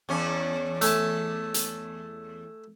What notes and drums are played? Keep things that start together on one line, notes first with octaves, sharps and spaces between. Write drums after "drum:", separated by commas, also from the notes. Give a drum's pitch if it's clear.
E2 C#4
A3 G#5 A5, drum: hi-hat
drum: hi-hat